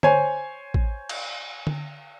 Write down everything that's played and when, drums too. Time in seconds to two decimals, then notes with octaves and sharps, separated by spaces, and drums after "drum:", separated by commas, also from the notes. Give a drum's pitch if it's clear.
0.03 C5 C#5 G#5, drum: tom D3
0.74 drum: kick A1
1.09 drum: cymbal
1.67 drum: tom D3